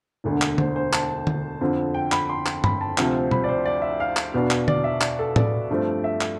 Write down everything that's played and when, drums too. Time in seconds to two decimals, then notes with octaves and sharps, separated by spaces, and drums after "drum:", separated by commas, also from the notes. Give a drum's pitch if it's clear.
0.24 E1 D2 D3
0.42 drum: clap
0.58 C5, drum: tom D3
0.76 C5
0.93 A5, drum: clap
1.27 drum: tom D3
1.61 F2 D3 F3 C4
1.94 G5
2.12 B5, drum: clap
2.30 C6
2.46 drum: clap
2.64 B5, drum: tom G2
2.81 A5
2.98 D2 C3 F3 C4, drum: clap
3.31 B5, drum: tom B2
3.44 D5
3.49 C5
3.66 D5
3.82 E5
4.00 F5
4.17 drum: clap
4.34 E2 B2 B3 D4
4.51 drum: clap
4.68 D5, drum: tom D3
4.84 E5
5.01 D5, drum: clap
5.19 A4
5.36 D5, drum: tom A2
5.70 G2 F3 A3 C4
6.04 E5
6.21 drum: clap